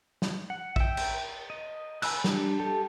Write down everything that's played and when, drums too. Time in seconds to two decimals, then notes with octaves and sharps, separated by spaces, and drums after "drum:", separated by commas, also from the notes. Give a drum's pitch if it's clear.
0.22 drum: snare
0.50 F#5
0.76 E5 G5, drum: kick
0.97 drum: cymbal
1.50 D#5
2.02 G#5 B5 E6 F#6, drum: cymbal
2.24 G3 D4, drum: snare
2.60 G4 A4